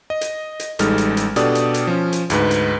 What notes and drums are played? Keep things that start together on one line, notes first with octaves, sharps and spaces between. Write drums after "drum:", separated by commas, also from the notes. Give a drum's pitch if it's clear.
D#5
drum: hi-hat
drum: hi-hat
A1 G3 G#3 D#4 A4 F6, drum: hi-hat
drum: hi-hat
drum: hi-hat
B2 D4 G4 A4 D5 D#6, drum: hi-hat
drum: hi-hat
drum: hi-hat
F3 C#4
drum: hi-hat
D2 G#2 B4, drum: hi-hat
drum: hi-hat